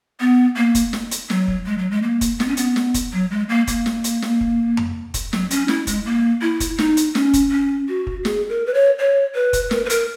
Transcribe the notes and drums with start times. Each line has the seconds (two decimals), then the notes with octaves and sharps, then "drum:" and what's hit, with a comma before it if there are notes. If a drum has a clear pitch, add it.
0.20 B3
0.56 A#3
0.75 drum: kick, hi-hat
0.93 drum: snare
1.11 drum: hi-hat
1.30 F#3, drum: snare
1.48 drum: kick
1.66 G#3
1.78 F#3
1.91 G#3
2.03 A#3
2.21 drum: kick, hi-hat
2.40 B3, drum: snare
2.48 C#4
2.57 B3, drum: hi-hat
2.76 drum: snare
2.94 drum: kick, hi-hat
3.13 F#3
3.31 G#3
3.49 A#3
3.67 A#3, drum: kick, hi-hat
3.86 drum: snare
4.04 drum: hi-hat
4.22 drum: snare
4.41 drum: kick
4.77 drum: tom F2
5.14 drum: kick, hi-hat
5.33 F#3, drum: snare
5.51 C#4, drum: hi-hat
5.68 E4, drum: snare
5.87 G#3, drum: kick, hi-hat
6.06 A#3
6.42 E4
6.60 drum: kick, hi-hat
6.79 D#4, drum: snare
6.97 drum: hi-hat
7.15 C#4, drum: snare
7.33 drum: kick, hi-hat
7.51 C#4
7.88 F#4
8.07 drum: kick
8.25 G#4, drum: snare
8.49 A#4
8.66 B4
8.74 C#5
8.99 C#5
9.35 B4
9.53 drum: kick, hi-hat
9.71 A#4, drum: snare
9.85 B4
9.90 A#4, drum: hi-hat